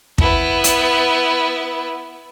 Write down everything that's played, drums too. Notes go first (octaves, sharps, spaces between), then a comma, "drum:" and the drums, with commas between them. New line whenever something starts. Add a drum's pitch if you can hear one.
B3 E4, drum: kick
drum: hi-hat